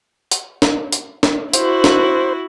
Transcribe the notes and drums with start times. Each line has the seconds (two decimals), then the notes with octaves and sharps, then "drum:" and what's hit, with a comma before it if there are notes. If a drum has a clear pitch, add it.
0.31 drum: hi-hat
0.62 drum: snare
0.92 drum: hi-hat
1.23 drum: snare
1.53 E4 F#4 C5, drum: hi-hat
1.84 drum: snare